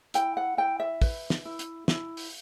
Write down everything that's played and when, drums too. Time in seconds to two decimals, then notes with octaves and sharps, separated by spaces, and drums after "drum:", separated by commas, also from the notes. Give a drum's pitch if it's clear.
0.14 E4 G5, drum: hi-hat
0.37 F#5
0.57 E4 G5
0.80 E5
1.02 B4, drum: kick, open hi-hat
1.30 drum: snare
1.45 E4
1.59 drum: hi-hat
1.88 E4, drum: snare
2.17 drum: open hi-hat